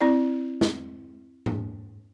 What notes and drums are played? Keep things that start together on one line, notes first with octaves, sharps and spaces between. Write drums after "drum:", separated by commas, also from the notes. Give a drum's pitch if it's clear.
C4 E4 D5
drum: snare
drum: tom